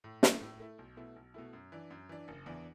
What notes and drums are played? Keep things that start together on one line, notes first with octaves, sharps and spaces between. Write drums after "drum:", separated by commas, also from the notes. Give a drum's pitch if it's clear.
A2
A3 E4, drum: snare
A2
A3 E4
B1
B2 A3 E4
B1
B2 A3 E4
F#2
E3 D4
F#2
E3 D4
F#1
E2 E3 D4